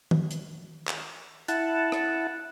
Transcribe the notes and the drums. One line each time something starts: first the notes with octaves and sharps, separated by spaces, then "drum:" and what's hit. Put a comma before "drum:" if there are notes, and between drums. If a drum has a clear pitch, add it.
drum: tom D#3
drum: hi-hat
drum: clap
E4 F#5 A5, drum: hi-hat
drum: rim click